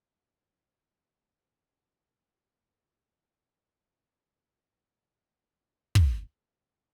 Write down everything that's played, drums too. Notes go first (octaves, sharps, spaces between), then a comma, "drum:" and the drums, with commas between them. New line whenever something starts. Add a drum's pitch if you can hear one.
B3
C#4
C#4
C#4
B3
A#3
C#4
D#4
F#3
G#3
A#3
B3
C#4
D#3
E3
F#3
drum: kick
G#3
F#3
G#3
G#3